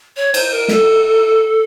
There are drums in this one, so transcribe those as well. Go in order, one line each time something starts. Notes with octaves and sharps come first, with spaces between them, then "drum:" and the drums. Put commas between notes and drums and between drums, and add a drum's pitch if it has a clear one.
C#5
C5, drum: cymbal
A#4
A4, drum: snare